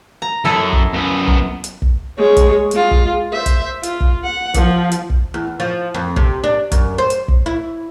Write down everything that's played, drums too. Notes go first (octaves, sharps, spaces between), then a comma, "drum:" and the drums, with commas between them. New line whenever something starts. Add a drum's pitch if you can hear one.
A#5
F#2 E4 A4 D#5
drum: kick
F#2 B3
drum: kick
drum: hi-hat
drum: kick
G#3 C#5
drum: kick, hi-hat
G#3 F4, drum: hi-hat
drum: kick
C5 E5
drum: kick, hi-hat
F4, drum: hi-hat
drum: kick
F#5
F3, drum: kick, hi-hat
drum: hi-hat
drum: kick
E2
F3
F2
C3, drum: kick
D4
F#2, drum: kick, hi-hat
C5
drum: hi-hat
drum: kick
E4